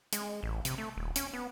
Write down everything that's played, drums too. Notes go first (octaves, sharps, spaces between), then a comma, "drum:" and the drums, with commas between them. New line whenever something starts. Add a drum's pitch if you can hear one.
G#3, drum: hi-hat
A1
C3, drum: hi-hat
A3
D#1
C#4, drum: hi-hat
B3